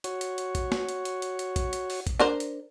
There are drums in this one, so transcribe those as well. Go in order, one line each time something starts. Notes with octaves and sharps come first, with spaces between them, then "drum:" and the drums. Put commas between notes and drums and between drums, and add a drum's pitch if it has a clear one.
F#4 C#5, drum: hi-hat
drum: hi-hat
drum: hi-hat
drum: kick, hi-hat
drum: snare
drum: hi-hat
drum: hi-hat
drum: hi-hat
drum: hi-hat
drum: kick, hi-hat
drum: hi-hat
drum: open hi-hat
drum: kick, hi-hat
D4 A#4 C5
drum: hi-hat